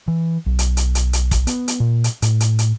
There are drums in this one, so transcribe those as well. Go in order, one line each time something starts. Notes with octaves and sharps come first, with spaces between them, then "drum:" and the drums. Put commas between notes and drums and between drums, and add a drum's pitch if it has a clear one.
E3
B1
drum: hi-hat
drum: hi-hat
drum: hi-hat
drum: hi-hat
drum: kick, hi-hat
B3, drum: hi-hat
drum: hi-hat
A#2
drum: hi-hat
A2, drum: hi-hat
drum: hi-hat
drum: hi-hat